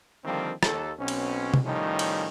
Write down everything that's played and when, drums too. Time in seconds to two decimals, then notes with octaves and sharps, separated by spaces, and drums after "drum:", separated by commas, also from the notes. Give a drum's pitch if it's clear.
0.24 D3 D#3 F3 G3 A#3 C4
0.63 D#2 A4, drum: rim click
0.98 B1 B2 C4 C#4
1.08 drum: cymbal
1.54 drum: tom
1.65 A2 D#3 F3 G3 C#4 D#4
1.99 drum: cymbal